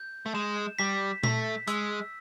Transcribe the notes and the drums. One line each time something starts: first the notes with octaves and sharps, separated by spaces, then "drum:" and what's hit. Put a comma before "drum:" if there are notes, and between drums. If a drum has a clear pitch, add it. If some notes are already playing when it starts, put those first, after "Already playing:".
Already playing: G6
A3
G#3 E7
G3 B6
A3 B6, drum: tom A#2
G#3 E6, drum: hi-hat